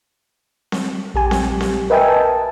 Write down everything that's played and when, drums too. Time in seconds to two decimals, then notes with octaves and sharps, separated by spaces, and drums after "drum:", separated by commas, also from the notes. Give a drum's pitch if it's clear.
0.72 drum: snare C4
1.14 A#1 G4 G#5
1.31 drum: snare C4
1.61 drum: snare C4
1.90 A#4 B4 D#5 E5 G5 G#5
2.08 A5